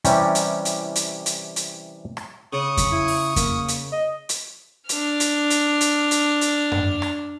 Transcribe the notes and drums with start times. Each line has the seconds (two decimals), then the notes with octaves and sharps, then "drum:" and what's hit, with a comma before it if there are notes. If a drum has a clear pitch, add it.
0.05 C3 E3 G3 C#4 G4, drum: hi-hat
0.35 drum: hi-hat
0.65 drum: hi-hat
0.95 drum: hi-hat
1.26 drum: hi-hat
1.56 drum: hi-hat
2.17 drum: rim click
2.53 C#3 C#6 D#6
2.77 drum: kick F2, hi-hat
2.92 E4
3.08 drum: open hi-hat
3.36 A#3, drum: kick F2, hi-hat
3.68 drum: hi-hat
3.92 D#5
4.29 drum: hi-hat
4.89 D4 F6, drum: hi-hat
5.20 drum: hi-hat
5.50 drum: hi-hat
5.81 drum: hi-hat
6.11 drum: hi-hat
6.41 drum: hi-hat
6.72 drum: tom F#2
7.02 drum: rim click